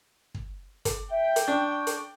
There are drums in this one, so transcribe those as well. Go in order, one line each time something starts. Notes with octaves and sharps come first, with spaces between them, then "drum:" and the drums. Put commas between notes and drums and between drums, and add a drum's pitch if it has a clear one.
drum: kick
drum: kick, hi-hat
E5 G5
drum: hi-hat
D4 C#6
drum: hi-hat